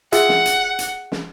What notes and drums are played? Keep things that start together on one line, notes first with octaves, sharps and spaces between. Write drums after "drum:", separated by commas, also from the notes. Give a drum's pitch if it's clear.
F4 G#4 E5 F#5, drum: hi-hat
drum: snare
drum: hi-hat
drum: hi-hat
drum: snare